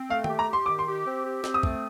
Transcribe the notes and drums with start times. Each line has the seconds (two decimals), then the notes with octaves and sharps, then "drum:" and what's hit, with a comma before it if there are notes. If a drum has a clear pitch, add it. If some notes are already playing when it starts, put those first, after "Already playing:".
Already playing: C4
0.10 A3 F5
0.24 G5, drum: tom D#3
0.29 G4
0.39 A#5
0.49 G4 C6
0.66 D#3 D6
0.79 C6
0.86 G4
1.06 C4
1.25 G4
1.44 C4, drum: snare
1.54 D#6
1.63 A3, drum: kick